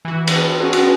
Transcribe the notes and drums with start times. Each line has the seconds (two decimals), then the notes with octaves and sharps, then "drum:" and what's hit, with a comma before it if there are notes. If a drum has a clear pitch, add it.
0.05 E3 F#4
0.27 drum: cymbal
0.60 C#4 F#4 G#4
0.73 drum: cymbal